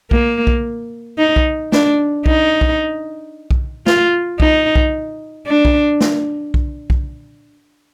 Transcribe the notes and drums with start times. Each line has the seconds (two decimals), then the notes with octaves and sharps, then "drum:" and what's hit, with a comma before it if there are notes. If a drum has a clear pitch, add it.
0.11 A#3, drum: kick B1
0.47 drum: kick B1
1.18 D#4
1.36 drum: kick B1
1.72 D4, drum: snare
2.26 D#4, drum: kick B1
2.61 drum: kick B1
3.51 drum: kick B1
3.86 F4, drum: snare
4.40 D#4, drum: kick B1
4.76 drum: kick B1
5.47 D4
5.65 drum: kick B1
6.01 drum: snare
6.54 drum: kick B1
6.90 drum: kick B1